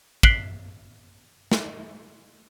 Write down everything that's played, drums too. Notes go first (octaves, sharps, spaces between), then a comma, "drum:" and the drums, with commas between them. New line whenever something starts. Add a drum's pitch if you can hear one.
F#6 B6 C7 D7 F#7 G7, drum: kick
drum: snare